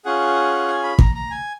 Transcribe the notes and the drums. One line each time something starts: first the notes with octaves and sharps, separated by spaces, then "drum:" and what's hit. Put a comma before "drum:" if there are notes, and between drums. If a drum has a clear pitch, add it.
C#4 F4 G#4 F#5
G#5
B5
A#5, drum: kick
A#5
G#5